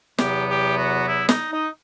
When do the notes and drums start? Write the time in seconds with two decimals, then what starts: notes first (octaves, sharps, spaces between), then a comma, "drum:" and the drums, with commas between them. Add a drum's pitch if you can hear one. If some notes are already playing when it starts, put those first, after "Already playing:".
0.18 E2 C3 F#3 B3 G4, drum: snare
0.49 G4
0.77 F#4
1.07 E4
1.29 D#4, drum: snare
1.51 D#4